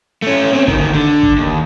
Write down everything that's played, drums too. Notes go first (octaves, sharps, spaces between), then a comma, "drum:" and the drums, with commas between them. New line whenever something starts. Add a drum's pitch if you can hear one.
A3 C#4
C4 C#4
D2 D#3, drum: kick
D3
drum: kick
D#2